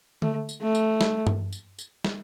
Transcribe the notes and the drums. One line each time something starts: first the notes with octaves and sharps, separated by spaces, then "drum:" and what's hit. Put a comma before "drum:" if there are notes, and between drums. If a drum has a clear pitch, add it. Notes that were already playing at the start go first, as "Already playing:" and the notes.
A3, drum: tom D3
drum: tambourine
A3
drum: tambourine
drum: snare
drum: tom G2
drum: tambourine
drum: tambourine
drum: snare